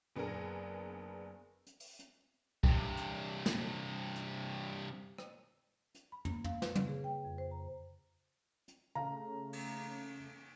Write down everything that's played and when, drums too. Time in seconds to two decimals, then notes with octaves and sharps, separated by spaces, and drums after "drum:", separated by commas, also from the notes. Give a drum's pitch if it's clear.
0.16 F#1 B3 D4 G#4 A#4 A#6
1.67 drum: hi-hat
1.80 drum: open hi-hat
1.99 drum: hi-hat
2.64 G2 C3, drum: kick
2.97 drum: hi-hat
3.46 drum: snare
4.16 drum: hi-hat
5.18 drum: rim click
5.95 drum: hi-hat
6.12 B5
6.25 A#3, drum: tom
6.44 F5, drum: tom
6.62 B4, drum: snare
6.75 C#3, drum: tom
6.88 G#4
7.04 G5
7.25 F2
7.38 C5
7.51 A#5
8.68 drum: hi-hat
8.95 C#3 A3 F5 A#5
9.53 drum: cymbal